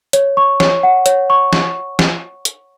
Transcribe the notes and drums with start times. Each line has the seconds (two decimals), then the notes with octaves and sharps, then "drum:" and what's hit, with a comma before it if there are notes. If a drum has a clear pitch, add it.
0.13 C#5, drum: hi-hat
0.37 C#6
0.60 C#5, drum: snare
0.83 F#5
1.06 C#5, drum: hi-hat
1.30 C#6
1.53 drum: snare
1.99 drum: snare
2.45 drum: hi-hat